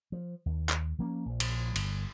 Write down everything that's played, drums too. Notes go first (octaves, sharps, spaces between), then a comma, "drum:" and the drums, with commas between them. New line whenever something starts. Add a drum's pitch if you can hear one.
F3
D#2
drum: clap
F3 A#3 C#4
A#1 F3
drum: cymbal
G1, drum: cymbal